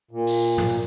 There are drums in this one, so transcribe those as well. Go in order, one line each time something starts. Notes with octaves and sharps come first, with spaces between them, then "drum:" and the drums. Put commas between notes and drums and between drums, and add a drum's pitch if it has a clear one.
A#2
drum: open hi-hat
drum: tom